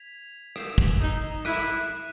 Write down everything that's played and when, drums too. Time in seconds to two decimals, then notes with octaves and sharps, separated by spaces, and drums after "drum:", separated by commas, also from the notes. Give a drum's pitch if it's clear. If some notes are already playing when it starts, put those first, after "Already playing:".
Already playing: G#6 B6 F7
0.56 E6 G6 C7 E7, drum: rim click
0.78 drum: kick
1.01 D#4
1.45 E4 F#6 B6 D#7, drum: rim click